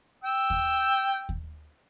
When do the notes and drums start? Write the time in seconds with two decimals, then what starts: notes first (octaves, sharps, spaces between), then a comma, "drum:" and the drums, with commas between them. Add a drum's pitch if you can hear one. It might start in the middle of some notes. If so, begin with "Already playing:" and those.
0.24 G5 E6
0.50 drum: kick D#2
1.29 drum: kick D#2